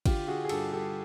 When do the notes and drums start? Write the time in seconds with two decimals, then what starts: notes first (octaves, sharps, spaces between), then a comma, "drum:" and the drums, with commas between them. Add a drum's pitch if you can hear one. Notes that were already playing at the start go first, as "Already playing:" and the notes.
0.06 D3 F4 G4, drum: kick, cymbal
0.28 D3 F#4 G#4
0.45 G#4
0.49 G2 G4 A4, drum: cymbal
0.72 G2 G4 A4